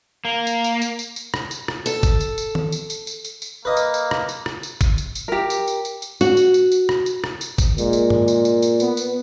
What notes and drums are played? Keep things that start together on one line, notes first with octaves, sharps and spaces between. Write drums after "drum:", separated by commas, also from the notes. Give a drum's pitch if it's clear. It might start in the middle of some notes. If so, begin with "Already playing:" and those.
A#3
drum: tambourine
drum: tambourine
drum: tambourine
drum: tambourine
drum: tambourine
drum: rim click
drum: tambourine
drum: rim click
A4, drum: tambourine
drum: kick G1, tambourine
drum: tambourine
drum: tambourine
drum: tom
drum: tambourine
drum: tambourine
drum: tambourine
drum: tambourine
drum: tambourine
A#3 B4 D#5
drum: tambourine
drum: tambourine
drum: rim click
drum: tambourine
drum: rim click
drum: tambourine
drum: kick G1, tambourine
drum: tambourine
drum: tambourine
G4 A#4
drum: tambourine
drum: tambourine
drum: tambourine
drum: tambourine
F#4, drum: tambourine
drum: tambourine
drum: tambourine
drum: tambourine
drum: rim click
drum: tambourine
drum: rim click
drum: tambourine
drum: kick G1, tambourine
A#2 G#3, drum: tambourine
drum: tambourine
drum: tom G2
drum: tambourine
drum: tambourine
drum: tambourine
B3, drum: tambourine
drum: tambourine